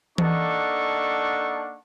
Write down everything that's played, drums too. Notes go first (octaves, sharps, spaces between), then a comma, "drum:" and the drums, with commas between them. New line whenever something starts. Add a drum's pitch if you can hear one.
A#3 D4 D#4 A4 F#5 C#6, drum: tom E3